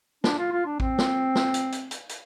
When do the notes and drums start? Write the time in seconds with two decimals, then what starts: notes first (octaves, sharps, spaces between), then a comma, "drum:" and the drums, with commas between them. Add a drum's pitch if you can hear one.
0.24 D4, drum: snare
0.38 F4
0.52 F4
0.65 D4
0.80 C4, drum: kick A1
0.98 drum: snare
1.35 drum: snare
1.54 drum: hi-hat
1.72 drum: hi-hat
1.91 drum: hi-hat
2.09 drum: hi-hat